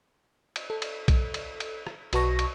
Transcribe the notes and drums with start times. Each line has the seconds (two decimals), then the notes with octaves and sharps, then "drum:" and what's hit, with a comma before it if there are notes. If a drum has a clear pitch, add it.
0.56 drum: cymbal
0.70 A4
0.82 drum: cymbal
1.08 drum: kick A#1, cymbal
1.34 drum: cymbal
1.60 drum: cymbal
1.87 drum: rim click
2.13 B1 F#4 B4 A5 C#6 A#6, drum: cymbal
2.39 drum: cymbal